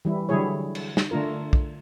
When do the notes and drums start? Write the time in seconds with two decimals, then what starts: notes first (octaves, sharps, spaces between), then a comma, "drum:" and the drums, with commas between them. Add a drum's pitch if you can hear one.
0.05 E3 G3 E4
0.29 D3 F#3 G3 E4 G#4 C#5
0.75 drum: cymbal
0.97 drum: snare
1.11 D3 A3 D4 F4 A#4
1.53 drum: kick